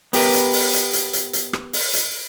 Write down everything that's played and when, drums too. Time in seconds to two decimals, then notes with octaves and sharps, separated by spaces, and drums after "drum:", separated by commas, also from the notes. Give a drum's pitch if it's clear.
0.13 B3 G4 A#4 B4, drum: open hi-hat
0.33 drum: hi-hat
0.53 drum: open hi-hat
0.73 drum: hi-hat
0.93 drum: hi-hat
1.13 drum: hi-hat
1.33 drum: hi-hat
1.53 drum: rim click
1.73 drum: open hi-hat
1.93 drum: hi-hat